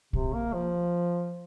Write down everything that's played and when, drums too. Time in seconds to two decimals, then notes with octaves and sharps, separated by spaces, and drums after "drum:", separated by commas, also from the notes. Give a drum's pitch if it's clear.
0.13 C3, drum: kick A#1
0.34 A#3
0.54 F3